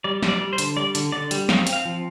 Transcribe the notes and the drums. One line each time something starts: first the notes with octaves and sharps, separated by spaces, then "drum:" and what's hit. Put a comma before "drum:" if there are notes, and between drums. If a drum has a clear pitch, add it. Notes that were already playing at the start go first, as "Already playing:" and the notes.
G3 D5
G3, drum: snare
D5
G3
C5
D3, drum: hi-hat
G3 D5
D3, drum: hi-hat
D3 D5
G3, drum: hi-hat
C4 F5, drum: snare
C4, drum: hi-hat
F5
F3